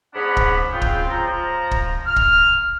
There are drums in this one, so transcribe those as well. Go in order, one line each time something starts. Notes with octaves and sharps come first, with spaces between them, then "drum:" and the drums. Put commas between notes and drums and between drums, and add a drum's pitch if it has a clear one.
G#2 B3 C#4 D4 F#5 B5
drum: kick
C#3 C4 F4 G#4 G5
drum: kick
F3 A#5
drum: kick
F6
drum: kick